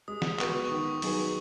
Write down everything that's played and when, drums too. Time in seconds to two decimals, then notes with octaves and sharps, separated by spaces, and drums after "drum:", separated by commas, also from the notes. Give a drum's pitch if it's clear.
0.08 G#3 D#6
0.22 drum: snare
0.39 B3 F#4 B4 C#6, drum: clap
0.66 C#6
0.71 D#3 D#6
1.02 F#3 D#4 G#4 B4, drum: open hi-hat